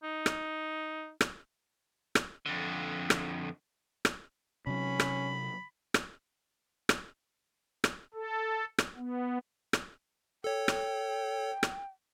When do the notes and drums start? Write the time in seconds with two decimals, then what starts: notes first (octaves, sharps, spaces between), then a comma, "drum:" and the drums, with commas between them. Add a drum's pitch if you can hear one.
0.03 D#4
0.26 drum: rim click
1.21 drum: rim click
2.15 drum: rim click
2.46 F2 D3
3.10 drum: rim click
4.05 drum: rim click
4.67 C3 F#3 C#4 B5
5.00 drum: rim click
5.94 drum: rim click
6.89 drum: rim click
7.84 drum: rim click
8.14 A4
8.78 drum: rim click
8.96 B3
9.73 drum: rim click
10.44 A4 C#5 G5
10.68 drum: rim click
11.63 drum: rim click